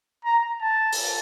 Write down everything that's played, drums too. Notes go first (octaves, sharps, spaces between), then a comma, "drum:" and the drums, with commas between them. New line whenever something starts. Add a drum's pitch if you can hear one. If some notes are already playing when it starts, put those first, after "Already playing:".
A#5
A5
drum: open hi-hat